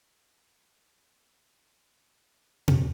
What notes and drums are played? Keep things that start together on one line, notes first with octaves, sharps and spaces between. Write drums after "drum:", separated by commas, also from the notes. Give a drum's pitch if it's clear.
G4
C#4
E5
G#3
G5
A3 G4
drum: tom B2